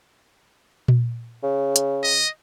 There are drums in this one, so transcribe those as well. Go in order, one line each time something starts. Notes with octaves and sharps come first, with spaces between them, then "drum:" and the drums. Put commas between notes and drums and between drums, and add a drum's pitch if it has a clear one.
drum: tom A#2
C#3
drum: hi-hat
D#5